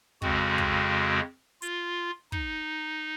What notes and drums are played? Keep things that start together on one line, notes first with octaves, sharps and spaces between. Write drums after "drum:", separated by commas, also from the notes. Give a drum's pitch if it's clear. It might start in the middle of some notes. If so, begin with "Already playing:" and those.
F2 C#3 G#3 C4 F#4, drum: kick
drum: kick
F4, drum: hi-hat
D#4, drum: kick